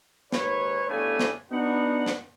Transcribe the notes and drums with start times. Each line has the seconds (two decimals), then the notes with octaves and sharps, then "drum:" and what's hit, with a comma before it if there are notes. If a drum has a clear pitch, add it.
0.32 D#2 G#2 B4 C#5, drum: snare
0.88 G1 A2 C#3 A3 D4 G#5
1.19 drum: snare
1.52 B3 D4 D#4 F#4 B4 F#5
2.06 drum: snare